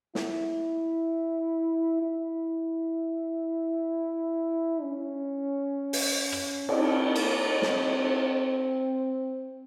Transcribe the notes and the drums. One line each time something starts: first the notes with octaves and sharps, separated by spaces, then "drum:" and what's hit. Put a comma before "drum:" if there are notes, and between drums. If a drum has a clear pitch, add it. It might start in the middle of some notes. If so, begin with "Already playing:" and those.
E4, drum: snare
E4
C#4
drum: open hi-hat
drum: rim click
C4, drum: cymbal
A#3, drum: cymbal
C4, drum: snare